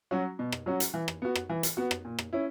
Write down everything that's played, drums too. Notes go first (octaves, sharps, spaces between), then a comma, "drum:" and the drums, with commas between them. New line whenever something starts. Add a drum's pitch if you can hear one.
F#3 C#4 F#4
B2
drum: rim click
F#3 C#4 F#4
drum: hi-hat
E3
drum: rim click
B3 F#4
drum: rim click
E3
drum: hi-hat
B3 F#4
drum: rim click
A#2
drum: rim click
C#4 E4